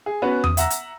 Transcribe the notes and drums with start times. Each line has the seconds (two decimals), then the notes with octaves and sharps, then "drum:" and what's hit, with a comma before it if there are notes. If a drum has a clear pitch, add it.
0.06 G#4
0.22 B3 C#4 F#4 B4
0.44 D#6, drum: tom E2
0.57 E5 F#5 A#5 E6 A#6, drum: hi-hat
0.70 drum: hi-hat